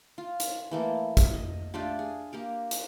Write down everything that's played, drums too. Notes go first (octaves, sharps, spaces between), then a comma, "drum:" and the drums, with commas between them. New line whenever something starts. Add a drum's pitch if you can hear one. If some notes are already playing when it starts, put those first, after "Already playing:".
F4
drum: hi-hat
E3 A3 A#3
drum: kick, hi-hat
D#5
A3 D4 F4 G4
G#4
A#3 G4 A#4
drum: hi-hat